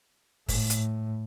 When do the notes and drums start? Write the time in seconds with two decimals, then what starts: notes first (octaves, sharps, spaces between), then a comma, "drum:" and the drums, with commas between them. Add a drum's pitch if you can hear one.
0.48 A2, drum: kick, open hi-hat
0.70 drum: hi-hat